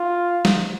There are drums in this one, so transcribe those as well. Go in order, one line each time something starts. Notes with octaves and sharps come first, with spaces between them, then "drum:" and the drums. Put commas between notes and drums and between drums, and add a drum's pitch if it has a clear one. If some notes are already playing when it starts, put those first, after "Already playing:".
Already playing: F4
drum: snare